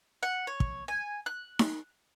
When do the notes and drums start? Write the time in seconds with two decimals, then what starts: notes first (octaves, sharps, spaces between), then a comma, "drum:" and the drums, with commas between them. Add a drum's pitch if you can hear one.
0.23 F#5
0.47 C#5
0.60 drum: kick
0.88 G#5
1.26 F#6
1.59 drum: snare D#4